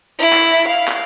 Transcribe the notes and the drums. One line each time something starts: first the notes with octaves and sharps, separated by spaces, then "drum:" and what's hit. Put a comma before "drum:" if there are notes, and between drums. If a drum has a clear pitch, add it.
E4
drum: clap
F5
drum: clap